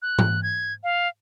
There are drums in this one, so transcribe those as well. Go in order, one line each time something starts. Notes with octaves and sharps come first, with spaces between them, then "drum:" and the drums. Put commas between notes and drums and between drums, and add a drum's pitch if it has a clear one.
F#6
drum: tom G#2
G#6
F5